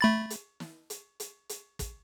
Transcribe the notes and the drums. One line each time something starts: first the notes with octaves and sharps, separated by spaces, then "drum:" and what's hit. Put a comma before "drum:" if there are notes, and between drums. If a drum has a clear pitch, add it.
A3 B5 A6
drum: hi-hat
drum: snare
drum: hi-hat
drum: hi-hat
drum: hi-hat
drum: kick, hi-hat